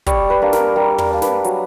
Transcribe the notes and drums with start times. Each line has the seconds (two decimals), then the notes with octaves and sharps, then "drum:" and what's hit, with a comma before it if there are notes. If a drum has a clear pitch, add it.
0.06 G3 C#5, drum: kick, hi-hat
0.30 B4
0.42 A#3 D4
0.53 A#4, drum: snare
0.76 G3 A#4
0.98 A#4, drum: tom
1.10 A#3 D4
1.22 B4, drum: snare
1.44 F#3, drum: hi-hat